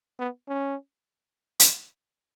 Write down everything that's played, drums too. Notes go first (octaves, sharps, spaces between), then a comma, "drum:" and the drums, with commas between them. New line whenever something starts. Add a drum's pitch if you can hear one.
B3
C#4
drum: hi-hat